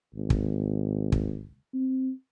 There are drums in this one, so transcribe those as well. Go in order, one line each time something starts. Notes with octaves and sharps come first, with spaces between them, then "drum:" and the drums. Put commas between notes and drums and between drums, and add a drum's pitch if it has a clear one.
G#1
drum: kick
drum: kick
C4